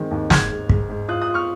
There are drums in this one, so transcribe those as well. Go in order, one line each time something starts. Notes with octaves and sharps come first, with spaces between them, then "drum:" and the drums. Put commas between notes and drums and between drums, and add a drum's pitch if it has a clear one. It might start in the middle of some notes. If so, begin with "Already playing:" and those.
Already playing: D#3 G#3 C4
D#2
G#2 F6 G#6, drum: snare
G#2
G#2, drum: kick
G#2
F4 D#6 F#6
D#6 F#6
F4
C#6 F6